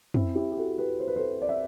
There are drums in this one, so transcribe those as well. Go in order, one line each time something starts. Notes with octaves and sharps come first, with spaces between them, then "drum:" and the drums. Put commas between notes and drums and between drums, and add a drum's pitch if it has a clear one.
C4 E4, drum: tom
E4 G4
G4
F#4 A4
G4 B4
C5
B4
A4 C5
D5
E5